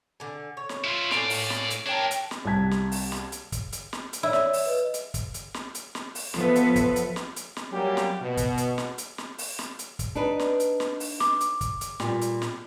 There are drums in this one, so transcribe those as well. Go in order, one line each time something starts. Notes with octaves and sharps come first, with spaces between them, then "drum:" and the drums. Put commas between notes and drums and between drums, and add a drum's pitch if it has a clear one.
D3 G#5
C#5
drum: snare
E4 F4
A2 C#4 D5 F5, drum: snare
drum: open hi-hat
drum: snare
drum: hi-hat
D4 A#4 C#5 G5 A5
drum: hi-hat
drum: snare
C2 G4 A5 G#6 B6
drum: snare
drum: open hi-hat
drum: snare
drum: hi-hat
drum: kick, hi-hat
drum: hi-hat
drum: snare
drum: hi-hat
E4 C#5 D5
drum: snare
drum: open hi-hat
B4 D#5
drum: hi-hat
drum: kick, hi-hat
drum: hi-hat
drum: snare
drum: hi-hat
drum: snare
drum: open hi-hat
F3 B3 A4 B4 E5, drum: snare
drum: hi-hat
drum: kick, hi-hat
drum: hi-hat
drum: snare
drum: hi-hat
drum: snare
F#3 G3 A#3 C#4 G4
drum: snare
B2
drum: kick, hi-hat
drum: hi-hat
drum: snare
drum: hi-hat
drum: snare
drum: open hi-hat
drum: snare
drum: hi-hat
drum: kick, hi-hat
D4 D#4 B4
drum: snare
drum: hi-hat
drum: snare
drum: open hi-hat
D6, drum: snare
drum: hi-hat
drum: kick, hi-hat
drum: hi-hat
A#2 G3, drum: snare
drum: hi-hat
drum: snare